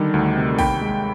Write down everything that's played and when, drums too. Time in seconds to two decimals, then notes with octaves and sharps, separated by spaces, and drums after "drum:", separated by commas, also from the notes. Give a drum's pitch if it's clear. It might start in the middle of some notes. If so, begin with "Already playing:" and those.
Already playing: D3 D#3 G3
0.14 D2
0.37 C3
0.59 D#2 G5 B5, drum: kick, open hi-hat
0.81 G#3